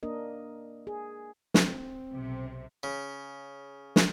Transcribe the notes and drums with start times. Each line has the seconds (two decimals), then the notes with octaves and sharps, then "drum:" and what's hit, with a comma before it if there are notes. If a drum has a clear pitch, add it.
0.03 A#3 D4 A#4 D#5
0.87 G#4
1.54 C4, drum: snare
2.13 B1 C3
2.83 C#3
3.96 drum: snare